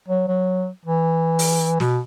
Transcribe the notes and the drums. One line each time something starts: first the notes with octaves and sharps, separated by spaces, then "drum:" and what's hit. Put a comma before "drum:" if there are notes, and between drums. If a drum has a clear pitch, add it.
F#3
F#3
E3
drum: open hi-hat
B2, drum: snare